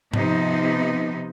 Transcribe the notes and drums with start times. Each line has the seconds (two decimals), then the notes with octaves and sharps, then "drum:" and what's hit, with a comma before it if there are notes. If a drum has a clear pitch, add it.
0.14 C3 F3 B3 D#4, drum: tom G#2